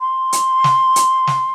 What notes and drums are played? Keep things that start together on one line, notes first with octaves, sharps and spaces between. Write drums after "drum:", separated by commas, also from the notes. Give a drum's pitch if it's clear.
C6
drum: hi-hat
drum: snare
drum: hi-hat
drum: snare